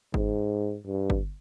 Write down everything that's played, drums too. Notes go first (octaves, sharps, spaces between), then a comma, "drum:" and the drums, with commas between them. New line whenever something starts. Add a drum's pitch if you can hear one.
G#2, drum: kick G1
G2
drum: kick G1